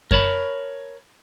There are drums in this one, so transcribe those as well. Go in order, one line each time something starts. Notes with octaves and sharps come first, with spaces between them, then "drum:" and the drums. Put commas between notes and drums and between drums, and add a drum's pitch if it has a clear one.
A#4 C#5 A5 B5, drum: kick F#2